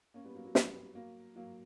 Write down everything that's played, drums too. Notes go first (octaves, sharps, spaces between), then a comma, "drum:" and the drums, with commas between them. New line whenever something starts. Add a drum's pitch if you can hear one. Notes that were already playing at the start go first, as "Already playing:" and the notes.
A#3 C#4
G3 B3
F#3 A#3
F#3 A#3
G3 B3, drum: snare
F#3 A#3
F#3 A#3